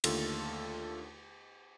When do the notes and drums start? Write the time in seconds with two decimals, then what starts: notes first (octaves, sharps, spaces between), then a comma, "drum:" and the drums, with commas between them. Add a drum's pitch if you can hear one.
0.04 D#2 D3 A3 F4 A4, drum: cymbal